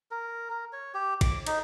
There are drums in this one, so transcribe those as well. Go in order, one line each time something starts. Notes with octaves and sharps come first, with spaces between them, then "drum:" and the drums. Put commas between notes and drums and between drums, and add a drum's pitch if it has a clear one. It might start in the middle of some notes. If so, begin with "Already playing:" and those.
A#4
A#4
C#5
G4
D6, drum: kick A1, cymbal
D#4, drum: cymbal